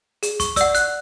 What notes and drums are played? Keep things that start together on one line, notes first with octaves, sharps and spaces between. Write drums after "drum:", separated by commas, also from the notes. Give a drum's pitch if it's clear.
G#4, drum: hi-hat
C#6, drum: kick, hi-hat
D5 F#5 E6, drum: kick, hi-hat
F#6, drum: hi-hat